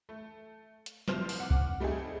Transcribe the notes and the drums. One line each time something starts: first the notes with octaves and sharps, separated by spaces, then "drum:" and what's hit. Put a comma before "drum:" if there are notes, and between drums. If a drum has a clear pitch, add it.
A3
drum: hi-hat
C2 C3 F3 C5 F6, drum: snare
drum: open hi-hat
F#5 D6
drum: kick C2
G3 A3 C4 D#4 G#4